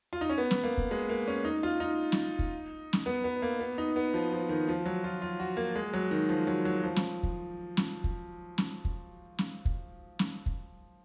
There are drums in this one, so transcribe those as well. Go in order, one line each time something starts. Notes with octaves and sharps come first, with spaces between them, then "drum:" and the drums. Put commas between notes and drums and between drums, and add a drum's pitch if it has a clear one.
F4
D#4
C#4
B3
drum: snare
A#3
drum: kick
G#3
A#3
C#4
D#4
F4
D#4
drum: snare
drum: kick
drum: snare
B3
B3
A#3
B3
D#4
B3
F3
F3
D#3
F3
F#3
F4
F4
F#4
A#3
G#3
F#3
D#3
F3
F#3
F#3
F3
drum: snare
drum: kick
drum: snare
drum: kick
drum: snare
drum: kick
drum: snare
drum: kick
drum: snare
drum: kick